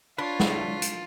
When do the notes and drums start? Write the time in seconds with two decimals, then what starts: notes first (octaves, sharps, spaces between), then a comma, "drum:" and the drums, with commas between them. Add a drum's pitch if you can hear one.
0.18 D4 F4 B4 C#5
0.40 drum: snare
0.82 drum: hi-hat